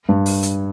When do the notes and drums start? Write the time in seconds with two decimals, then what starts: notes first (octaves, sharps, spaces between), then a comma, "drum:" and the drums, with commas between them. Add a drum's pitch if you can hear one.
0.09 G2
0.26 drum: open hi-hat
0.43 drum: hi-hat